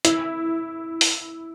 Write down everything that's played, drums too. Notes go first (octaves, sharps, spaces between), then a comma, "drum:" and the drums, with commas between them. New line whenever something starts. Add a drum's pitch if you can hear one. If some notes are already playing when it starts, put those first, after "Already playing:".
E4, drum: hi-hat
drum: open hi-hat